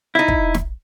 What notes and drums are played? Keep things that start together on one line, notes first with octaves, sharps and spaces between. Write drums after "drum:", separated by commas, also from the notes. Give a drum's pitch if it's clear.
D#4 E4
drum: kick
drum: snare